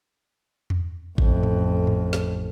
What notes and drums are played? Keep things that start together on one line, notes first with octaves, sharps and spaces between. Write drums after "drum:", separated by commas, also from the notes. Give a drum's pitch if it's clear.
drum: tom E2
A1 F2, drum: kick G#1
drum: tom G#2
drum: tom G#2
drum: snare